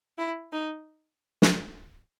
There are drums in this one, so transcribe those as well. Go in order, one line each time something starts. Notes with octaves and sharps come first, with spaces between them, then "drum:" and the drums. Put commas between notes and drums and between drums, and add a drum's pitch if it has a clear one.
E4
D#4
drum: snare